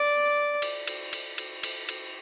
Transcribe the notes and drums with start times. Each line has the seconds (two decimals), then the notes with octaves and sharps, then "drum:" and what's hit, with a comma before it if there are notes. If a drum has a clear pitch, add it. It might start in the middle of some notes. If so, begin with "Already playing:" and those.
Already playing: D5
0.62 drum: cymbal
0.87 drum: cymbal
1.13 drum: cymbal
1.38 drum: cymbal
1.63 drum: cymbal
1.89 drum: cymbal